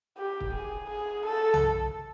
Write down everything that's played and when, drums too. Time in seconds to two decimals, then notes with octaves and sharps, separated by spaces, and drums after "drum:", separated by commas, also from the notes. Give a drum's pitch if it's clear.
0.18 G4
0.40 drum: kick
0.53 G#4
0.90 G#4
1.26 A4
1.54 drum: tom B1